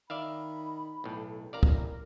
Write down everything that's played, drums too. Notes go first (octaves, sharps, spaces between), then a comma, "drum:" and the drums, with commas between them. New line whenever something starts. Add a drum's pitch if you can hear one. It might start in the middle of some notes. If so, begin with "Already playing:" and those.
D#3 D#4 D5 E5 F5 B5
B1 A2
A1 A#4 D5 F5 A#5
drum: kick